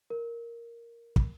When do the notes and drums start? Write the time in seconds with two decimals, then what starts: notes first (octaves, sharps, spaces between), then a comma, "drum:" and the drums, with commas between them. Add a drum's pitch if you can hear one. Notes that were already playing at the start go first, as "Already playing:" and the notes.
0.10 A#4
1.16 drum: kick